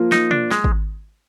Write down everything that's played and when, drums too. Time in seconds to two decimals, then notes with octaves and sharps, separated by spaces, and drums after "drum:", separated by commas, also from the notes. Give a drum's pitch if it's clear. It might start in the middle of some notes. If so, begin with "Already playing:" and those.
Already playing: F3 A#3 F4 A#4
0.12 D#4, drum: snare
0.31 D4, drum: tom
0.51 G#3, drum: snare
0.64 drum: kick G#1